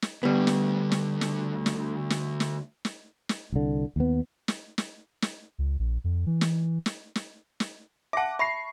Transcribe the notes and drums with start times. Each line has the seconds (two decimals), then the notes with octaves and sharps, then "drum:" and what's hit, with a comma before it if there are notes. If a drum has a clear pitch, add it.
0.02 drum: snare
0.23 D2 D3 G3 B3
0.47 drum: snare
0.92 drum: snare
1.21 drum: snare
1.66 drum: snare
2.10 drum: snare
2.40 drum: snare
2.85 drum: snare
3.29 drum: snare
3.52 C2 D3
3.96 D#2 B3
4.48 drum: snare
4.78 drum: snare
5.22 drum: snare
5.58 C#2
5.79 A#1
6.04 F2
6.26 E3
6.41 drum: snare
6.86 drum: snare
7.15 drum: snare
7.60 drum: snare
8.13 E5 F#5 A5 D6
8.39 E5 B5 C#6 C7